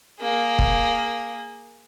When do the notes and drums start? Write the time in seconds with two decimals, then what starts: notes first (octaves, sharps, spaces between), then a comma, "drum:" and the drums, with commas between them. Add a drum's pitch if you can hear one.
0.20 A#3 G#4
0.59 drum: kick